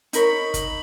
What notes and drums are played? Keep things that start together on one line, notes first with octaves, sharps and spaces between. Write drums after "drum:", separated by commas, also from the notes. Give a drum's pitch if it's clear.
D#4 A#4 C#5 B5, drum: hi-hat
drum: kick G1, hi-hat